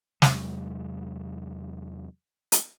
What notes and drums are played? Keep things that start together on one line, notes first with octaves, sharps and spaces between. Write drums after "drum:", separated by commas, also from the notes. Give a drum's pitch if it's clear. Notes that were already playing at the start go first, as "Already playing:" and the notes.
E2 C3 F#3 G#3, drum: snare
drum: hi-hat